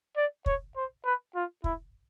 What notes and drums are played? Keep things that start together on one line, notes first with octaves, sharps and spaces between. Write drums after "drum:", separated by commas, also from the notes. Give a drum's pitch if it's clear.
D5
C#5, drum: kick
C5
B4
F4
E4, drum: kick